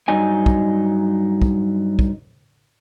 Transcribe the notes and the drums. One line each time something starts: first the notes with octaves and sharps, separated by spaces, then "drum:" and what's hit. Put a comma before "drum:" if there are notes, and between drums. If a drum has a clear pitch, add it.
G2 F#3 D#4 G#5
drum: kick
drum: kick
drum: kick